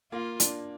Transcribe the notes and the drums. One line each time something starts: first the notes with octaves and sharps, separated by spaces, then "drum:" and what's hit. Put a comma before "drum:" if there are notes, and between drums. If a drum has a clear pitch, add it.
A#3 F4
D4, drum: hi-hat